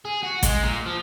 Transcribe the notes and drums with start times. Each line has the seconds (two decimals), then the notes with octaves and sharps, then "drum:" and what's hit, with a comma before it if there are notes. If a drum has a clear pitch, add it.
0.05 G#4
0.23 F#4
0.43 G#3, drum: kick A1, hi-hat
0.63 A#2
0.86 F3